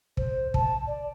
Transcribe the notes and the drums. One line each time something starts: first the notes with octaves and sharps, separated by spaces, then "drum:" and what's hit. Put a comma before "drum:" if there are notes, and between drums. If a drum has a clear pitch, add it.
C5, drum: kick
A5, drum: kick
D5